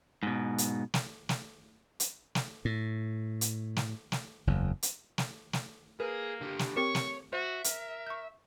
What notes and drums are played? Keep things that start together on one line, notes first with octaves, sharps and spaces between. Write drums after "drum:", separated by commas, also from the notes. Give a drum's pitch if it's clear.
G#2 B2
drum: hi-hat
drum: snare
drum: snare
drum: hi-hat
drum: snare
A2
drum: hi-hat
drum: snare
drum: snare
F#1 E2
drum: hi-hat
drum: snare
drum: snare
A#3 G#4 A#4 B4
D3 G4
drum: snare
C4 G4 A#4 C#5 C#6
drum: snare
F#4 C5 E5
A#4, drum: hi-hat
C#6 G6